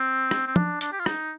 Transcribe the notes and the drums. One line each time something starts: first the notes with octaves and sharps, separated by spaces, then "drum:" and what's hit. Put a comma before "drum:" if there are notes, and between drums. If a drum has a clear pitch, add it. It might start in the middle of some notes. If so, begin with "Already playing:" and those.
Already playing: C4
drum: rim click
C4
D4, drum: tom F3
D4, drum: hi-hat
G4
F4
D#4, drum: rim click